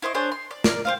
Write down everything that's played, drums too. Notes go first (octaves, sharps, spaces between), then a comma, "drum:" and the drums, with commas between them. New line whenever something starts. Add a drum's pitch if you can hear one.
E4 C5 D#5 C#6
D4 G#4 C5 C#5
C6
D5
A#4 D5 G#5 F6, drum: snare
G4 C5 F5